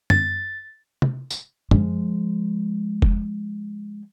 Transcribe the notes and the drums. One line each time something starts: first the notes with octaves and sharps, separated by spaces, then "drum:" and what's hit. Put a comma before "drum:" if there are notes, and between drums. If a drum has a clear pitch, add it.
A6, drum: tom F#2
drum: tom
drum: tambourine
F3 G#3, drum: tom F#2
drum: kick F1